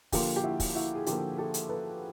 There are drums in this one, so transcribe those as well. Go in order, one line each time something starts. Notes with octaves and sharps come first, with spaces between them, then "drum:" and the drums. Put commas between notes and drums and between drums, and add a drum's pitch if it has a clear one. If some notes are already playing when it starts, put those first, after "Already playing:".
D3 F3 A#3 F4 G4, drum: kick, open hi-hat
G4
E4 F#4
drum: kick, open hi-hat
E4 F#4
G#4
D3 F3 A#3 F4 G4, drum: hi-hat
G4 A4
drum: hi-hat
A4 B4